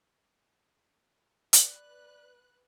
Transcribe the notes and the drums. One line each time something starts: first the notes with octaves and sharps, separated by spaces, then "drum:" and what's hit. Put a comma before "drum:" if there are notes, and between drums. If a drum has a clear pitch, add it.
B4 D5 F#6, drum: hi-hat